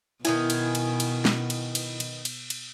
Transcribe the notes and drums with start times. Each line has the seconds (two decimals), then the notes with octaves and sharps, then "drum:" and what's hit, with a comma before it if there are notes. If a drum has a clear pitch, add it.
0.25 B2 D#3 B3 E4 G#5, drum: cymbal
0.50 drum: cymbal
0.75 drum: cymbal
1.00 drum: cymbal
1.25 drum: snare
1.50 drum: cymbal
1.75 drum: cymbal
2.00 drum: cymbal
2.25 drum: cymbal
2.50 drum: cymbal